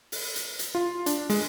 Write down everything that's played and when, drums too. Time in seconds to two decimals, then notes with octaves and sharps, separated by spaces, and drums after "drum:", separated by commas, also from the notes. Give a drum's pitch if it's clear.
0.12 drum: open hi-hat
0.36 drum: hi-hat
0.59 drum: hi-hat
0.75 F4
1.06 D4, drum: hi-hat
1.30 G#3, drum: open hi-hat